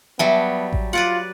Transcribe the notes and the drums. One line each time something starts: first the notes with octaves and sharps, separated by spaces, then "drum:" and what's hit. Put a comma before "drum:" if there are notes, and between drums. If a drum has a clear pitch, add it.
F#3 G3 B3 E5 A5
drum: kick A1
F4 B4 D5 F#5